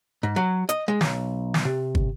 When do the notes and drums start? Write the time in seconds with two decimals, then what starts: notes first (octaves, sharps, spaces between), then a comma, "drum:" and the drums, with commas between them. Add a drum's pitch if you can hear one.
0.23 G#2
0.36 F#3
0.69 D#5, drum: hi-hat
0.88 G#3
1.01 B1, drum: snare
1.54 drum: snare
1.65 C3
1.95 drum: kick